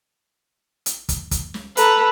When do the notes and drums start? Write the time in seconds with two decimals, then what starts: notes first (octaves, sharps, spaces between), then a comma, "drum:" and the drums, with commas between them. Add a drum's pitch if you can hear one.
0.86 drum: hi-hat
1.09 drum: kick, hi-hat
1.31 drum: kick, hi-hat
1.54 drum: snare
1.77 A4 B4 A#5, drum: hi-hat